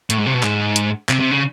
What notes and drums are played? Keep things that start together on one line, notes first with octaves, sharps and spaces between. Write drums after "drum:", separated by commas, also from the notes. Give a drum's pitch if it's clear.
A2, drum: hi-hat
G#2
C3
B2
G#2, drum: clap
drum: hi-hat
C3, drum: clap
C3
C#3